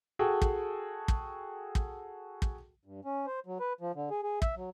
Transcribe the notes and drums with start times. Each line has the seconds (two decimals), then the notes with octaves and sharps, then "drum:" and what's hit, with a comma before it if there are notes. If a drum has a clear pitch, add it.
0.19 F#4 G#4 A4 G5 A5
0.42 drum: kick
1.08 drum: kick
1.75 drum: kick
2.42 drum: kick
2.85 G2
3.05 C#4
3.26 C5
3.46 F#3
3.60 B4
3.81 F3
3.95 D3
4.10 G#4
4.23 G#4
4.42 E5, drum: kick
4.56 F#3